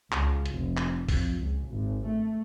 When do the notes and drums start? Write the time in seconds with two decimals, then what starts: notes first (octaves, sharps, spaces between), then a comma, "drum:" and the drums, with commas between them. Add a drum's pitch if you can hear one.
0.12 C#2, drum: clap
0.46 drum: hi-hat
0.55 F1
0.77 drum: clap
1.09 F2, drum: kick, open hi-hat
1.39 C#2
1.69 G#1
2.07 A3